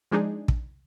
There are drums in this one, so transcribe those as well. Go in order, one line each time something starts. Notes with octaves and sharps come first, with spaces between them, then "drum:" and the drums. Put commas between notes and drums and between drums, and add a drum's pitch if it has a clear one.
F3 G#3 D4 D#4 G#4
drum: kick